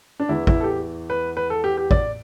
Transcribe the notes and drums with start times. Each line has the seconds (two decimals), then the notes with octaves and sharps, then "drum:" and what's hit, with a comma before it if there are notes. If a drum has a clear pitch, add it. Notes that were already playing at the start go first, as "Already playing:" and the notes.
0.20 D4
0.29 E2 E3 E4
0.47 E4, drum: kick A1
0.60 A4
0.64 G4
1.10 B4
1.37 B4
1.50 A4
1.64 G4
1.77 G4
1.91 D5, drum: kick A1